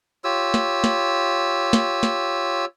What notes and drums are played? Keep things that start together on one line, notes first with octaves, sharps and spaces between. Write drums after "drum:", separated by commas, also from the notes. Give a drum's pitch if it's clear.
F4 G4 C#5 E6
drum: snare
drum: snare
drum: snare
drum: snare